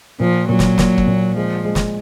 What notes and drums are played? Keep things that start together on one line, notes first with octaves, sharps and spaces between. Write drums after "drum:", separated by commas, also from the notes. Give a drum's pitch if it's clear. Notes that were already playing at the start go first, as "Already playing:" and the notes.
A#2 F3
A#2 F#3
drum: snare
A#2, drum: snare
drum: kick
A#2
F3 G#3
G#3
drum: snare